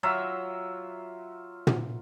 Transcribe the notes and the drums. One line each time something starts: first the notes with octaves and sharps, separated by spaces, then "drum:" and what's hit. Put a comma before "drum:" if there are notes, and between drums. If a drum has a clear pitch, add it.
F#3 F4 E5 A#5
drum: tom